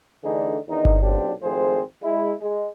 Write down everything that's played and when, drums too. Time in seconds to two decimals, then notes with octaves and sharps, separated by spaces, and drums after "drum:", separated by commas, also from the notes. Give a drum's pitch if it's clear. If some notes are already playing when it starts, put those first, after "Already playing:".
0.24 D3 E3 A3 D4 D#4 G#4
0.68 E2 D#3 D4 D#4
0.85 drum: kick G1
1.01 B1 A#2 F#3 C4 D4 G4
1.42 G#1 F3 A3 C4 G#4 C5
2.02 G#3 E4
2.41 G#3